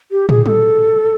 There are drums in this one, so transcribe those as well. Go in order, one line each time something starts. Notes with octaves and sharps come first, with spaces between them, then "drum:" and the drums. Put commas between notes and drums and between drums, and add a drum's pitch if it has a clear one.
G4
G#4, drum: tom
A4, drum: tom